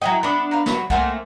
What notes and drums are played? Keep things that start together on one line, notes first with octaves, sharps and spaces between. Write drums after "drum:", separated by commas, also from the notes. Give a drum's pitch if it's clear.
F#3 E4 D#5 G5 G#5 A#5
B3 D4 B5 D6
A#4 B4 F5
F#3 B5, drum: snare
A3 A#3 C4 F#5 G#5 C6, drum: kick C2